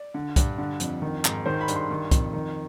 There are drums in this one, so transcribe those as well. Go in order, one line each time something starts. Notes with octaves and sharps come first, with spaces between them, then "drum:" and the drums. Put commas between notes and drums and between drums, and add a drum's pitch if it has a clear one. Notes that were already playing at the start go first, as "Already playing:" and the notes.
Already playing: D5
D3
G2, drum: kick, hi-hat
D3
F2, drum: hi-hat
D#3
G#2, drum: clap
D#3 C5
B5
G2, drum: hi-hat
C6
D#3
F2, drum: kick, hi-hat
D#3